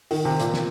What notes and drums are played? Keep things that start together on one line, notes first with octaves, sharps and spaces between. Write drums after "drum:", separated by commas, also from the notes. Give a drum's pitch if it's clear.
D#3, drum: open hi-hat
C3
A#2, drum: hi-hat
drum: snare